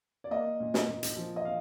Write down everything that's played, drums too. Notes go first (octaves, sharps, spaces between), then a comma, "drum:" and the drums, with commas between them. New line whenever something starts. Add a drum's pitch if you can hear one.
D5
A#3 D#5
A#2
drum: snare
A#2
drum: hi-hat
F3
D#5
F5